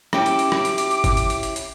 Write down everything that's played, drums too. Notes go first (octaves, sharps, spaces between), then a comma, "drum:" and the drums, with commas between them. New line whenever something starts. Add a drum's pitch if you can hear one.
C#4 E4 G4 D6, drum: rim click
drum: hi-hat
drum: hi-hat
drum: rim click
drum: hi-hat
drum: hi-hat
drum: hi-hat
drum: kick, hi-hat
drum: hi-hat
drum: hi-hat
drum: hi-hat
drum: hi-hat